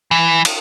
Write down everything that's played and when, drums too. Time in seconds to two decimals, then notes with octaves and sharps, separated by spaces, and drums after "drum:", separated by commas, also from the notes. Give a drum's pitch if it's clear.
0.11 E3
0.45 drum: cymbal